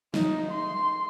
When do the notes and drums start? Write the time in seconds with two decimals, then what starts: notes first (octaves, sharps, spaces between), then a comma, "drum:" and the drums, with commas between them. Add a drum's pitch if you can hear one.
0.14 D#4, drum: snare
0.51 C6